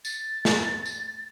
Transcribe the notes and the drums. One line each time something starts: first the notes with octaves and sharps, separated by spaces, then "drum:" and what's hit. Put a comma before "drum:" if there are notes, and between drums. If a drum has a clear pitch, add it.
A6, drum: tambourine
drum: snare
drum: tambourine